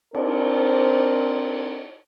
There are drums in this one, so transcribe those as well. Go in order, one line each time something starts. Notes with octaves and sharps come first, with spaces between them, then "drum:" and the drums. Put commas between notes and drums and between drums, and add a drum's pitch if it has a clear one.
C4 D4 A#4 C5, drum: cymbal